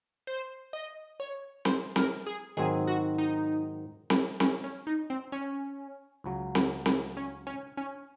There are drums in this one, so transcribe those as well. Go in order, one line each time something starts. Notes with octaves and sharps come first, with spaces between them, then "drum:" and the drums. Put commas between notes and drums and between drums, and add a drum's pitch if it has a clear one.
C5
D#5
C#5
C5, drum: snare C4
A#4, drum: snare C4
G#4
G#2 D#3 F#3 C4 G#4
F#4
D#4
drum: snare C4
C#4, drum: snare C4
C#4
D#4
C4
C#4
C#2 C#3 F#3
drum: snare C4
drum: snare C4
C#4
C#4
C#4